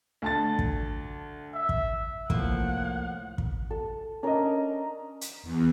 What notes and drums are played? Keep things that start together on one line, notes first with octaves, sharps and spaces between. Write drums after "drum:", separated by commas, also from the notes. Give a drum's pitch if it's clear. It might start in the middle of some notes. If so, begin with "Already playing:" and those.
D2 A5 A6
drum: kick
E5
drum: kick
C2 A2 F3 A#3 F#5, drum: kick
drum: kick
A4
C#4 D4 A#4 D#5
drum: hi-hat
E2